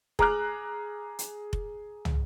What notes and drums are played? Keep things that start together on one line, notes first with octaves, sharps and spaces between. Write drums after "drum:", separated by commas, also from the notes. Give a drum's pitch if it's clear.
G#4 A#5 D6 F6 F#6, drum: kick F1
drum: hi-hat
drum: kick F1
drum: tom